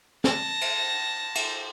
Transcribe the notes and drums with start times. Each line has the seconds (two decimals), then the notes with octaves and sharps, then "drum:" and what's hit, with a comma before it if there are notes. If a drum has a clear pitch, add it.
0.24 A5 A#6, drum: snare
0.61 drum: cymbal
1.35 drum: cymbal